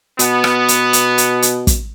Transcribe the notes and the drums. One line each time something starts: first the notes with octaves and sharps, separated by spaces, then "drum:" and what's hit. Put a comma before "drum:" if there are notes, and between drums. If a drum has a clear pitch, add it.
B2 B3, drum: hi-hat
drum: rim click
drum: hi-hat
drum: hi-hat
drum: hi-hat
drum: hi-hat
drum: kick, hi-hat